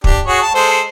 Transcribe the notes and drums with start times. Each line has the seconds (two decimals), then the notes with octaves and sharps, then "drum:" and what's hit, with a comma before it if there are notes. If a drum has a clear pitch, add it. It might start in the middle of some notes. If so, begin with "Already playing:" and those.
0.04 D4 G4, drum: kick
0.26 F#4 G#4 C#5
0.42 A5
0.55 G#3 A4 C5